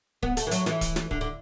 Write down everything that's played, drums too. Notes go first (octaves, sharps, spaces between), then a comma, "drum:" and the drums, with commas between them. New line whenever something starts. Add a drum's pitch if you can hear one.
B3, drum: kick D1
A3, drum: hi-hat
E3
F#3, drum: hi-hat
E3, drum: snare
drum: kick D1, hi-hat
drum: snare
D3, drum: kick D1
D3